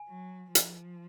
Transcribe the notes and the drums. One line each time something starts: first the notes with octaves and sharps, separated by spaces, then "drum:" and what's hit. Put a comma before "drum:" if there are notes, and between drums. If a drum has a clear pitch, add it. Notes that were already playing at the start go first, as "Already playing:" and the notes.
Already playing: G#5
F#3
F3, drum: hi-hat